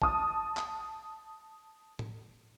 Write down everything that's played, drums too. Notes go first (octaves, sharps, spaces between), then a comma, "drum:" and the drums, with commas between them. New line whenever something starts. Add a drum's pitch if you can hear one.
A5 D#6, drum: kick
drum: clap
drum: tom A2